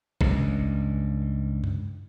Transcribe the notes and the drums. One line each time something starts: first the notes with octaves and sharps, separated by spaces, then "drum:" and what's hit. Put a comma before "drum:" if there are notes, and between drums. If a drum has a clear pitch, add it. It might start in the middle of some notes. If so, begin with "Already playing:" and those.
C#2 G2, drum: kick
drum: tom F#2